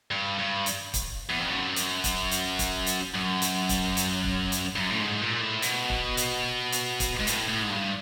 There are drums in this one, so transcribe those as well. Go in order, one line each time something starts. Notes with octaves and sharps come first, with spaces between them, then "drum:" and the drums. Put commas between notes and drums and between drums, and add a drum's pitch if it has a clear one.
G2
G2
drum: hi-hat
drum: kick, hi-hat
E2
F2
F#2
drum: hi-hat
drum: kick, hi-hat
drum: hi-hat
drum: kick, hi-hat
drum: hi-hat
F#2
drum: hi-hat
drum: kick, hi-hat
drum: hi-hat
drum: kick
drum: hi-hat
G2
F#2
A2
G#2
A#2
A2
B2, drum: hi-hat
drum: kick
drum: hi-hat
drum: hi-hat
drum: kick, hi-hat
G#2
A2, drum: hi-hat
A2
G#2
G2